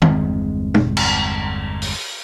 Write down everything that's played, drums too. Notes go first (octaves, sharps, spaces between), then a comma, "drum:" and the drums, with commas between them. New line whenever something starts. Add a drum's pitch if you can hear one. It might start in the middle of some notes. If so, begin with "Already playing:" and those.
G1 E2 G#3 C4, drum: tom D#3
drum: tom
drum: cymbal
drum: open hi-hat